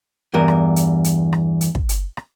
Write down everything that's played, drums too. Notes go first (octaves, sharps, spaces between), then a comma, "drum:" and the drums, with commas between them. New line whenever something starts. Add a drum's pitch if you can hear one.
E2 G2 A#4
drum: rim click
drum: hi-hat
drum: hi-hat
drum: rim click
drum: hi-hat
drum: kick
drum: hi-hat
drum: rim click